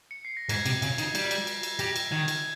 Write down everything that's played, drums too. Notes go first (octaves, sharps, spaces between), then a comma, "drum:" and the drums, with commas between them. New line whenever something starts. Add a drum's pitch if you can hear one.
C#7
C7
A#6
G#2 G#6, drum: cymbal
C3, drum: cymbal
C#3, drum: cymbal
D#3, drum: cymbal
G3, drum: cymbal
drum: cymbal
drum: cymbal
drum: cymbal
G3 A#6, drum: cymbal
drum: cymbal
D#3 G#6
drum: cymbal